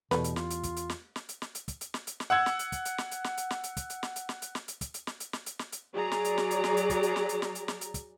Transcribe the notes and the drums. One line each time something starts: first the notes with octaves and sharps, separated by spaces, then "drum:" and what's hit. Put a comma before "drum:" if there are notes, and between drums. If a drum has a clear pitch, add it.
E2 B2 G3 A3 B4, drum: snare
drum: hi-hat
F4, drum: snare
drum: hi-hat
drum: kick, hi-hat
drum: hi-hat
drum: snare
drum: snare
drum: hi-hat
drum: snare
drum: hi-hat
drum: kick, hi-hat
drum: hi-hat
drum: snare
drum: hi-hat
drum: snare
F#5 E6 G#6
drum: snare
drum: hi-hat
drum: kick, hi-hat
drum: hi-hat
drum: snare
drum: hi-hat
drum: snare
drum: hi-hat
drum: snare
drum: hi-hat
drum: kick, hi-hat
drum: hi-hat
drum: snare
drum: hi-hat
drum: snare
drum: hi-hat
drum: snare
drum: hi-hat
drum: kick, hi-hat
drum: hi-hat
drum: snare
drum: hi-hat
drum: snare
drum: hi-hat
drum: snare
drum: hi-hat
F#3 G#4 D5 A#5
drum: snare
drum: hi-hat
drum: snare
drum: hi-hat
drum: snare
drum: hi-hat
drum: kick, hi-hat
drum: hi-hat
drum: snare
drum: hi-hat
drum: snare
drum: hi-hat
drum: snare
drum: hi-hat
drum: kick, hi-hat